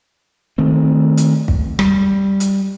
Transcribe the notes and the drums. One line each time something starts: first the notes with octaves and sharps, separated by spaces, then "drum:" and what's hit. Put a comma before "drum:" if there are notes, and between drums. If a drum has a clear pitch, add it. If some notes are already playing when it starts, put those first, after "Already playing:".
D#3 A3 C4
drum: hi-hat
drum: kick
G3, drum: rim click
drum: hi-hat